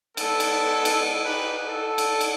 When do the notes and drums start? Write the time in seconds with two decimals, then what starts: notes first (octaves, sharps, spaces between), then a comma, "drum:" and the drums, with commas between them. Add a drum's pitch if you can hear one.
0.17 G#3 B3 A4, drum: cymbal
0.40 drum: cymbal
0.85 drum: cymbal
1.25 D#4 G4 G#4 B4
1.68 A4
1.98 drum: cymbal
2.21 drum: cymbal